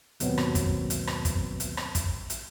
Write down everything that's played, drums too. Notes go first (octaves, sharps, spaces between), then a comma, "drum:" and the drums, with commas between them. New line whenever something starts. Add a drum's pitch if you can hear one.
D#2 G#2 B2 F#3 B3 C4, drum: hi-hat
drum: rim click
drum: kick, hi-hat
drum: hi-hat
drum: rim click
drum: kick, hi-hat
drum: hi-hat
drum: rim click
drum: kick, hi-hat
drum: hi-hat